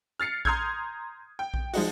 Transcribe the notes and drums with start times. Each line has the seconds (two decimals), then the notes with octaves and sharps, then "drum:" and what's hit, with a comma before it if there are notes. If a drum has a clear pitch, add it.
0.20 F6 A6 C7 C#7
0.45 A#5 C6 D#6 F6 G6 G#6, drum: kick A#1
1.39 G5
1.54 drum: kick A#1
1.73 F3 G#3 D#4 F#4, drum: open hi-hat